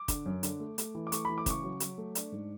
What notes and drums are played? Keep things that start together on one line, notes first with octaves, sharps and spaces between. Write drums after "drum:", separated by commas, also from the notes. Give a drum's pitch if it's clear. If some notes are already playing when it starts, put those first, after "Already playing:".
Already playing: D6
D3, drum: kick, hi-hat
F#2
D3, drum: hi-hat
A3
A3, drum: hi-hat
E3
D6
A3 C#6, drum: hi-hat
E3 B5
D6
C#3 C#6, drum: kick, hi-hat
F#3
F#3, drum: hi-hat
A3
D4, drum: hi-hat
G#2